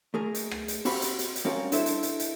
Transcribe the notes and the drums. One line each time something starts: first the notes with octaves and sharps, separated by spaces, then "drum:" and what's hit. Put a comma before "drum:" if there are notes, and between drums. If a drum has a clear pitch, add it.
A3 G#4 A#4
drum: hi-hat
drum: rim click
drum: hi-hat
C4 F#4 G4 F5 B5, drum: open hi-hat
drum: hi-hat
drum: hi-hat
drum: hi-hat
G3 C4 C#4 F#4 A#4 F5
D4 E4 A4 C5 E5, drum: hi-hat
drum: hi-hat
drum: hi-hat
drum: hi-hat